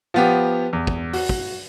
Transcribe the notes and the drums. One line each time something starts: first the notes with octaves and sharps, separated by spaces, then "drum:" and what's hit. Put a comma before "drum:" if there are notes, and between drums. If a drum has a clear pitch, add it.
F3 B3 G4
E2
drum: kick
F#4, drum: open hi-hat
drum: kick